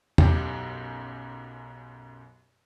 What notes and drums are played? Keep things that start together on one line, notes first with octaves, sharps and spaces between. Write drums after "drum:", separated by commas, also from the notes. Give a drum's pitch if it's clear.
B1 F#2 G4, drum: tom